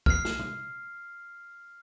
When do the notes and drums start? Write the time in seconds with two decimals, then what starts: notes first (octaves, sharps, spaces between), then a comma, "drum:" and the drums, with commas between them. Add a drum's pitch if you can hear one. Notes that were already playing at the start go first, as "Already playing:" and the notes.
0.06 F6 C7, drum: kick
0.25 drum: snare
0.39 drum: tom